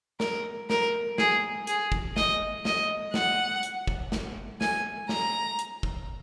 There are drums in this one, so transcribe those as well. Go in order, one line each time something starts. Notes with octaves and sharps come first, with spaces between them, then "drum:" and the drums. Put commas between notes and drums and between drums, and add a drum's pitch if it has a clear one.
A#4, drum: snare
A#4, drum: snare
G#4, drum: snare
G#4, drum: hi-hat
drum: kick
D#5, drum: snare
D#5, drum: snare
F#5, drum: snare
drum: hi-hat
drum: kick
drum: snare
G#5, drum: snare
A#5, drum: snare
drum: hi-hat
drum: kick